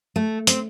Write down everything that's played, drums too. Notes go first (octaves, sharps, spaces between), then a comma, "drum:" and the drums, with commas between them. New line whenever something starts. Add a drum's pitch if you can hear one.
A3
C4, drum: hi-hat